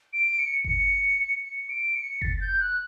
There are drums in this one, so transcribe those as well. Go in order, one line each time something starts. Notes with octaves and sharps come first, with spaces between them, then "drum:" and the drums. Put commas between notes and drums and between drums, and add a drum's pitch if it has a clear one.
D7
C#7
C#7, drum: kick F#1
C#7
D7
C#7
A6, drum: kick F#1
G6
F#6